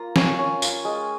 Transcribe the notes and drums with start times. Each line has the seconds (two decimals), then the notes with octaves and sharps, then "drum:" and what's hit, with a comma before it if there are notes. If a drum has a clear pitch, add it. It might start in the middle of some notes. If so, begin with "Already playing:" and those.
Already playing: A#3 F4 A#5
0.16 C#4 G#5, drum: snare
0.39 C#4
0.62 F4, drum: tambourine
0.85 G#3